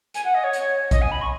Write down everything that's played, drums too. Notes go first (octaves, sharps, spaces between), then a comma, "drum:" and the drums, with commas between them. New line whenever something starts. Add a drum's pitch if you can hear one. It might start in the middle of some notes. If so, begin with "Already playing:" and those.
G#5, drum: hi-hat
F#5
D#5
C#5
drum: hi-hat
D#5, drum: kick A#1, hi-hat
G#5
B5
C#6